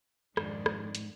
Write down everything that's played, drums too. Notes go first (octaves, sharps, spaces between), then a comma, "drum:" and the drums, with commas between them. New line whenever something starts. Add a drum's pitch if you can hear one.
F2 G#2 D#3 D4, drum: rim click
drum: rim click
drum: hi-hat